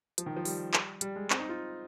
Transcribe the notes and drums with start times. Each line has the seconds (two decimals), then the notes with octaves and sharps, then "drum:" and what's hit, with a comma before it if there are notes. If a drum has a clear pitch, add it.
0.18 F3, drum: hi-hat
0.26 D#3
0.37 F3
0.45 G3, drum: open hi-hat
0.74 drum: clap
1.01 G3, drum: hi-hat
1.16 G#3
1.30 C4, drum: clap
1.39 D#4
1.49 F4